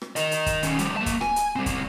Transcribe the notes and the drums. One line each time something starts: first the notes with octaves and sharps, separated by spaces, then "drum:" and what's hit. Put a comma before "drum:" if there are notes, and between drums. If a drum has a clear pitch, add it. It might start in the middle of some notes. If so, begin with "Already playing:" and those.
drum: rim click
A#4 D#5, drum: hi-hat
drum: hi-hat
drum: kick, hi-hat
D#3 C#4, drum: hi-hat
F3 G3, drum: hi-hat
A#3 A5
drum: kick, hi-hat
G#5, drum: rim click
drum: hi-hat
G3 C4
drum: kick, hi-hat